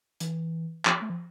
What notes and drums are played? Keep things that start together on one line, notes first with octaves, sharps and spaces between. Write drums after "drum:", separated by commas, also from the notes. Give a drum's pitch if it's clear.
E3, drum: hi-hat
F3, drum: clap
A3
F3